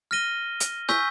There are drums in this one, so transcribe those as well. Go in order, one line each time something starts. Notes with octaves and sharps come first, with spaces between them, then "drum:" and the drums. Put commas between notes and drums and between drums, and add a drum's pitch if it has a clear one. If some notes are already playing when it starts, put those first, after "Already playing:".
F6 A#6 D#7 G7
drum: hi-hat
G#5 C#6 E6 G6 B6, drum: snare